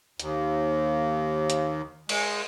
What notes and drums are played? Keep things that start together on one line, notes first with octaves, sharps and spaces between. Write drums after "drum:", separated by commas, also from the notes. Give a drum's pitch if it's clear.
D#2, drum: hi-hat
drum: hi-hat
G#3, drum: cymbal